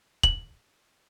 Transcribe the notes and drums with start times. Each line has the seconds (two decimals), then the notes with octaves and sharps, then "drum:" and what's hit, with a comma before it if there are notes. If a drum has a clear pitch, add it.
0.23 F#7, drum: kick